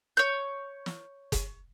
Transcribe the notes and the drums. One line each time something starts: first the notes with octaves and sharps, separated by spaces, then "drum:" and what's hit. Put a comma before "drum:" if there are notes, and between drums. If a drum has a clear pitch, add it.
C#5 G6
drum: snare
drum: kick F#1, hi-hat